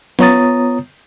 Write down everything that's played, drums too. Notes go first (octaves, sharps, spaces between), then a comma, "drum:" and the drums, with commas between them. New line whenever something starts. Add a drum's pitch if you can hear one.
B3 F4 C#5 A#5 D#6 A6, drum: snare